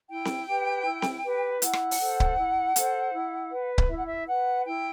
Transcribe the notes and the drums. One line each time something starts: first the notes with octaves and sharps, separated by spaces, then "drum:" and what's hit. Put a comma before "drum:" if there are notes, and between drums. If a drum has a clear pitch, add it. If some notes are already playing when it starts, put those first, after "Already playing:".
E4 G5
drum: snare C4
G4 B4
E4
drum: snare C4
G4 B4
E4 F#5, drum: hi-hat
drum: rim click
drum: open hi-hat
A4 C5
drum: kick C#1
E4
A4 C5, drum: hi-hat
E4
B4
drum: kick C#1
E4 E5
F#5
E5
B4 F#5
E4 G5